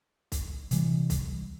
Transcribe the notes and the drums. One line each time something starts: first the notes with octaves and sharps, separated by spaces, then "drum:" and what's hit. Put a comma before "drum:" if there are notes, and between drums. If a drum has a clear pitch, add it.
drum: kick, hi-hat
C3 E3 G3, drum: hi-hat
drum: kick, hi-hat